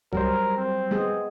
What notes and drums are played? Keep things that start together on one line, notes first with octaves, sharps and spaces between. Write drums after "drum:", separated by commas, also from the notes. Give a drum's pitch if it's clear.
F#3 G3 A#4 C5, drum: kick C2
C4
G#3 B3 G#4